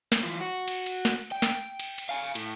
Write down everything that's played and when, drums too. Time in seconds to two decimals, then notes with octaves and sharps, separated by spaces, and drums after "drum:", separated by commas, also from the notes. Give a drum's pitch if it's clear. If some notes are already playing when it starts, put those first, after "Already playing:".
0.12 drum: snare
0.24 E3 F4
0.41 F#4
0.68 drum: cymbal
0.86 drum: cymbal
1.05 drum: snare
1.32 G5
1.42 drum: snare
1.80 drum: cymbal
1.98 drum: cymbal
2.09 F5 G#5
2.35 A2, drum: cymbal